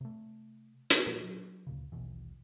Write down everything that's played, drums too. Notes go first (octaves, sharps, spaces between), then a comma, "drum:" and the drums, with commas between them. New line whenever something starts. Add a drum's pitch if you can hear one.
C3 A3
drum: hi-hat
A#2 F3 G3 A#3
F#3
D2 A#2 C#3
A#1 D#2 B2 E3